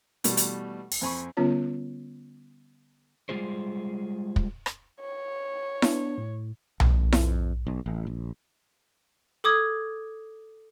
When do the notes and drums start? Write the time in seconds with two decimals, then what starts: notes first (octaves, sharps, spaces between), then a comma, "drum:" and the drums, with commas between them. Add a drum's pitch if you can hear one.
0.24 B2 E3 G3 A3, drum: hi-hat
0.37 drum: hi-hat
0.92 drum: open hi-hat
1.01 F2 C4 G#5 B5 C#6
1.37 D3 G3 B3 C#4 F4 C#5
3.29 G3 G#3 F4 G#4 C5
4.36 drum: kick
4.66 drum: rim click
5.01 C#5
5.82 B3 D4, drum: snare E4
6.18 A2
6.80 A1, drum: tom B1
7.12 F2, drum: snare E4
7.67 B1
7.86 A1
8.07 A#1
9.44 A4 D6 D#6 G#6